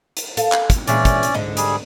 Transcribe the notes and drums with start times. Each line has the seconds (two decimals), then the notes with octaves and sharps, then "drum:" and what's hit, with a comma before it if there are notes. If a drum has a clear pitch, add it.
0.17 drum: hi-hat
0.37 A4 F5, drum: hi-hat
0.52 drum: clap
0.70 drum: kick, hi-hat
0.87 A#2 E3 G#3 C#4 D5, drum: hi-hat
1.05 drum: kick, hi-hat
1.23 drum: hi-hat
1.34 G#2 D3 D#5
1.57 G3 G#4, drum: hi-hat